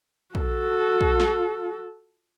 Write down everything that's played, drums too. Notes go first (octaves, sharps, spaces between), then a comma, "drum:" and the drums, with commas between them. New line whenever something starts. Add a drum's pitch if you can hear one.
F#4 A4, drum: kick
drum: kick
drum: snare